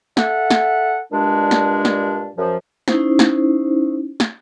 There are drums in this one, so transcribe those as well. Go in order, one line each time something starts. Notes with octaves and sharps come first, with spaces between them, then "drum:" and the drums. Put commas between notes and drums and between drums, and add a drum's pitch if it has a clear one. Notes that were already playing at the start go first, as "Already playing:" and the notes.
A4 E5 F#5, drum: snare
drum: snare
G2 A#2 G#3 D4
drum: snare
drum: snare
F#2 F3
C#4 D#4 E4 C5, drum: snare
drum: snare
drum: snare